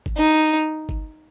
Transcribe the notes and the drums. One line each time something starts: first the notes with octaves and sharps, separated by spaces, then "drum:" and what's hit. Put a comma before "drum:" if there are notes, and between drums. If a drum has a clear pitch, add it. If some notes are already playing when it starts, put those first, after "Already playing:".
drum: kick G1
D#4
drum: kick G1